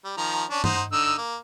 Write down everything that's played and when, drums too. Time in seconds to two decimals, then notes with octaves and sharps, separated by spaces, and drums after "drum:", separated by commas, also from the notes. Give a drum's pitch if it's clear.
0.04 G3
0.17 D#3 F3 A#5
0.50 C#4 D4
0.64 D#4 C5 F#5, drum: tom G2
0.92 D3 D#4 E6
1.18 A#3